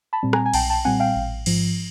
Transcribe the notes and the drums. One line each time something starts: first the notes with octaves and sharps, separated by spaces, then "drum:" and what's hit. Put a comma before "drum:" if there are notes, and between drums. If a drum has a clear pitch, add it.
A5 B5
A#2 G3 C4
G#5 A#5, drum: rim click
G#5
B1 G5 A5, drum: cymbal
G5 A5
A#2 G3 C4 F#5 G#5
F5 G5
A1
G#2 F3, drum: cymbal